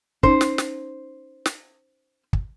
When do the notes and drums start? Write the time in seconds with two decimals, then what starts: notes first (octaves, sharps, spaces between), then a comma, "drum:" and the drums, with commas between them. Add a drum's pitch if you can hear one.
0.23 C#4 D#4 C5, drum: kick
0.41 drum: snare
0.58 drum: snare
1.46 drum: snare
2.33 drum: kick